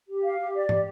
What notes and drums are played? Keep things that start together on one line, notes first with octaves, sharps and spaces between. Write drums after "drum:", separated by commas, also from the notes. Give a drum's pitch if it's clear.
G4
F5
G4
D5
G4, drum: tom